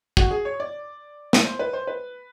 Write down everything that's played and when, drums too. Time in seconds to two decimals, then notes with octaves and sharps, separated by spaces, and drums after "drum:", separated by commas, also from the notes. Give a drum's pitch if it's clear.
0.17 F#4, drum: kick
0.31 G#4
0.45 C#5
0.60 D5
1.33 drum: snare
1.45 C5
1.59 B4
1.73 C5
1.87 B4